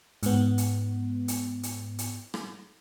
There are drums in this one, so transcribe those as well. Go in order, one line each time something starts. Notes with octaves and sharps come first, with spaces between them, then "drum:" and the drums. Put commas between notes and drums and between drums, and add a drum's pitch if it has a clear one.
G#2 B3, drum: hi-hat
drum: hi-hat
drum: hi-hat
drum: hi-hat
drum: hi-hat
drum: rim click